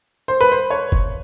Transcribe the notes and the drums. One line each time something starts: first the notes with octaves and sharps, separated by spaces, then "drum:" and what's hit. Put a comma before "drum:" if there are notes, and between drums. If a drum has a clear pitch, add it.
C5
B4
C5
C#5
drum: kick F1